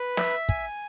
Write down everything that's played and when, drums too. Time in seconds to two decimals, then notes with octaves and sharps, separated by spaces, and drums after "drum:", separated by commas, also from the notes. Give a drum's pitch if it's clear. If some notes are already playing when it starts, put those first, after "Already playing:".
Already playing: B4
0.17 E5, drum: snare
0.49 G#5, drum: kick